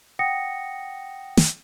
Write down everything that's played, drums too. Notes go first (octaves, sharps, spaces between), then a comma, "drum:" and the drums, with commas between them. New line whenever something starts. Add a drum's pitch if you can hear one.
F#5 G5 D#6 A#6 C#7
drum: snare